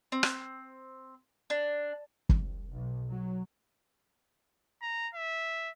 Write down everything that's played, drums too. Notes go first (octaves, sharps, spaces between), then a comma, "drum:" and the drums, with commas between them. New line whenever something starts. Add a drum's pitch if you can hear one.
C4
drum: rim click
D4
C2, drum: kick
B1
F#3
A#5
E5